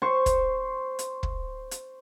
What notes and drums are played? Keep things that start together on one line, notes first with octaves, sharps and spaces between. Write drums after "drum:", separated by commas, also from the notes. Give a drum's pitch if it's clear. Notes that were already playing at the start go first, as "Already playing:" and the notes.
C5 C#6
drum: kick, hi-hat
drum: hi-hat
drum: kick
drum: hi-hat